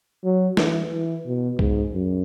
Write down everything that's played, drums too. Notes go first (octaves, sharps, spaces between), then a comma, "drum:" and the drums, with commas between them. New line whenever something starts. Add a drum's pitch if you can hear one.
F#3
E3, drum: snare
E3
B2
G#2, drum: kick C2
F#2